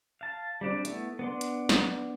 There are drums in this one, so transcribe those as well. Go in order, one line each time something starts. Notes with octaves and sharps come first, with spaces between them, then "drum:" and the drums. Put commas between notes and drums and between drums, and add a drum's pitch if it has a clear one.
F5 A5
G3 C4 D4
A3 B3 E4, drum: hi-hat
B3 D4 C6
drum: hi-hat
drum: snare